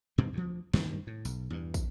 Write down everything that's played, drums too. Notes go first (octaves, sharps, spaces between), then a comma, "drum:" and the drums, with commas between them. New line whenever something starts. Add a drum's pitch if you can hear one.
G2 B2 D#3 C4
D2 F3
G2 D#3 G3 A#3, drum: snare
A2
B1, drum: tambourine
E2 G2
drum: kick, tambourine